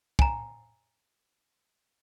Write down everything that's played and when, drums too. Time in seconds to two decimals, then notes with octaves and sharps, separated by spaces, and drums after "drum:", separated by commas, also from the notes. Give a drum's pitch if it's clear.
0.19 G#5 A#5, drum: kick